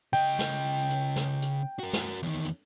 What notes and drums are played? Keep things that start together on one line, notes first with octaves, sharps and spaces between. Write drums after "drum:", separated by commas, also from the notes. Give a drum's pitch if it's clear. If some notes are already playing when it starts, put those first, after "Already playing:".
C#3 D#5 G5
drum: snare
drum: hi-hat
drum: snare
drum: hi-hat
F#4 A#4
drum: snare
E2 D#3
drum: hi-hat